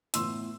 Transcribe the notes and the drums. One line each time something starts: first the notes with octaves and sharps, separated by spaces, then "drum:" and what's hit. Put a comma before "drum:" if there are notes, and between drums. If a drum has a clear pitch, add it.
A2 E3 B3 C6 E6, drum: hi-hat